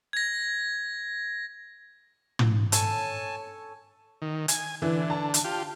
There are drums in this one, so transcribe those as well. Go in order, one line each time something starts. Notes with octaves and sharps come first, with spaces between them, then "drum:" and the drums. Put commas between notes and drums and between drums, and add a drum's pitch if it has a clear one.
G#6 A#6
drum: tom
A4 C#5 G#5 A5, drum: hi-hat
D#3
G#5, drum: hi-hat
D3 E3
A5
drum: hi-hat
F4 G4